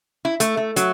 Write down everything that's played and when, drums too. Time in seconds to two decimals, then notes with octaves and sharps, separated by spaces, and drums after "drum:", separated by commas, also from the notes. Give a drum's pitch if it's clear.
0.25 E4
0.40 A3, drum: hi-hat
0.57 A3
0.76 F#3, drum: hi-hat